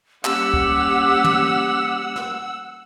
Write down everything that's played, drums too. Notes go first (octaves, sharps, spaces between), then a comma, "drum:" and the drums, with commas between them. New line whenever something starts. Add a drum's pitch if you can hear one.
G3 A#3 C#4 G4 F#5 E6, drum: clap
drum: kick
drum: tom
drum: snare